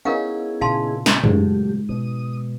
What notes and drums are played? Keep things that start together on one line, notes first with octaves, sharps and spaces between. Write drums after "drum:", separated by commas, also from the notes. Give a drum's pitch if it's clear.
B3 C#4 D#4 E4 G#4 A#4 F5 F#5
A#2 C#3 F5 A5 C6
drum: snare
G#2 F#3 A3 G4, drum: tom F#2
B2 D#6